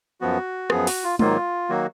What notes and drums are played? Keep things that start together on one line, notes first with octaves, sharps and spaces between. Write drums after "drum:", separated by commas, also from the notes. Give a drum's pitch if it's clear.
F#2 F3 B3 F#4
F#2 F3 B3 G#4, drum: rim click
F#4, drum: open hi-hat
F4
G#2 D#3 F#3 A#3 F4, drum: tom G#3
D#3 F#3 A#3 F#4